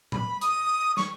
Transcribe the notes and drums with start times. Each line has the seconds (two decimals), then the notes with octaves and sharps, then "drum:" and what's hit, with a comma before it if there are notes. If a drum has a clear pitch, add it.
0.12 B5, drum: tom A2
0.41 D#6, drum: hi-hat
0.97 C#6, drum: snare